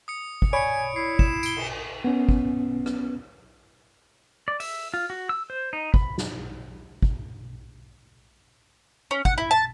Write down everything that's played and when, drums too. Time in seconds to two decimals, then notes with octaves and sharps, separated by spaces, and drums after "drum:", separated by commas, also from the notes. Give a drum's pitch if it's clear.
0.08 D#6 C#7
0.42 drum: kick
0.53 C#5 D5 G#5 B5 C#7 D7
0.96 E4 C7
1.19 E7, drum: kick
1.43 D7 G7, drum: tambourine
1.56 drum: cymbal
2.04 B3 C#4
2.29 drum: kick
2.86 drum: rim click
4.48 D5
4.60 E5, drum: open hi-hat
4.94 F4
5.10 F#4
5.29 E6
5.50 C5
5.73 D#4
5.94 B5, drum: kick
6.18 drum: snare
7.02 drum: kick
9.11 C#4
9.25 F#5, drum: kick
9.38 E4
9.51 A5